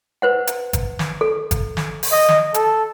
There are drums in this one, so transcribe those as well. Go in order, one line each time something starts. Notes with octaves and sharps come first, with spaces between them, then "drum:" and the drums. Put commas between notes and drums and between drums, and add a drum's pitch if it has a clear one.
B4 C5 F#5
drum: hi-hat
drum: kick G1, hi-hat
drum: snare
A4
drum: kick G1, hi-hat
drum: snare
drum: open hi-hat
D#5
drum: snare
A4, drum: hi-hat